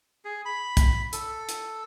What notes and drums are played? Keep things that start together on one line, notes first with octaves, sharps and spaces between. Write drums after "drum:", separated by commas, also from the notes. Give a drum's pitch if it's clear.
G#4
B5
drum: kick, hi-hat
A4, drum: hi-hat
drum: hi-hat